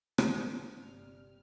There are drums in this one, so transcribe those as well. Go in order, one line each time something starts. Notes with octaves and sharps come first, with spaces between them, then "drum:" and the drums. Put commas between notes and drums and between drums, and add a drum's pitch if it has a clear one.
drum: rim click
G1 C3 G3 F6